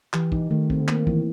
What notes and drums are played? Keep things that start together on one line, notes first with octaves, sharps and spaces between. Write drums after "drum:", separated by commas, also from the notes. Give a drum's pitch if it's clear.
E3 G4, drum: clap
D#4, drum: kick
D#3 A3
C4, drum: kick
D3
D#3 A#3, drum: clap
E3, drum: kick